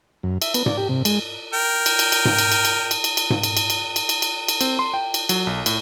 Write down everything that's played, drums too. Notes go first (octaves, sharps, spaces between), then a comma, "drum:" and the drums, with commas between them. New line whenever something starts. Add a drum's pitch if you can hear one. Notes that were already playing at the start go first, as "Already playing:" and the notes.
F#2
E5, drum: cymbal
B3, drum: cymbal
D5, drum: tom G#2
G4
C3
G#3, drum: cymbal
A#4 G5
drum: cymbal
drum: cymbal
drum: cymbal
drum: tom G#2
drum: cymbal
drum: cymbal
drum: cymbal
drum: cymbal
drum: cymbal
drum: cymbal
drum: tom G#2
drum: cymbal
drum: cymbal
drum: cymbal
drum: cymbal
drum: cymbal
drum: cymbal
drum: cymbal
C4, drum: cymbal
C6
G5
drum: cymbal
F#3, drum: cymbal
B1
A2, drum: cymbal